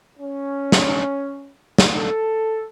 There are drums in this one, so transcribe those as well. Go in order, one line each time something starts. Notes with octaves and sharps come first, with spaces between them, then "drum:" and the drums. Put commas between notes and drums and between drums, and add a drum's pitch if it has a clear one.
C#4
drum: snare
drum: snare
A4